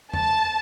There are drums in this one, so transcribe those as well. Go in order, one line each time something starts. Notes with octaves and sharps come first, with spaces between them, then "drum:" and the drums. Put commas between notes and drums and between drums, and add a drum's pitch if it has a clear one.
A5, drum: tom E2